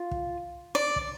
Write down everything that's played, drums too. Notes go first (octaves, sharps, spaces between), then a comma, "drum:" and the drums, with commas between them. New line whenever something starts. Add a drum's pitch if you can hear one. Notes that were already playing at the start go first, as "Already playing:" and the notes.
Already playing: F4
drum: kick
D5
drum: kick